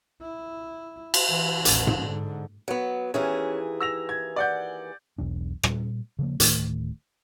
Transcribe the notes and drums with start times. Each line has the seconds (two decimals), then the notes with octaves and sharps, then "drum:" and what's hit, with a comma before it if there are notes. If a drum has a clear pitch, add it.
0.22 E4
1.14 drum: cymbal
1.30 E3
1.65 A1 D#2, drum: hi-hat
1.87 drum: tom G#2
2.02 G#2 D3
2.68 F#3 B3
3.14 D#2 E3 C#4 G#4
3.80 E6 A#6 F7
4.09 G#6
4.36 D5 F#5 G6
5.18 E1 B1 E2 D4
5.63 A#2 G3, drum: rim click
6.19 C#3 F3 A#3
6.40 D1 A2 D#3 A3, drum: hi-hat